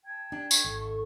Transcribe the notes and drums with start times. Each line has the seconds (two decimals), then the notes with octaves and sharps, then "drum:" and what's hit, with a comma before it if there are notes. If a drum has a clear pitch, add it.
0.04 G5 A5 G#6
0.32 D4 G4
0.51 A3 E4 C#6, drum: tambourine
0.64 G#1 A4
0.81 C#6